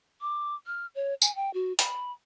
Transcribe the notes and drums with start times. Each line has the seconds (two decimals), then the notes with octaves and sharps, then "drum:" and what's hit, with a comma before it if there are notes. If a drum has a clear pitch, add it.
0.21 D6
0.66 F6
0.95 C#5
1.22 G#5, drum: tambourine
1.35 G5
1.54 F#4
1.79 B5, drum: hi-hat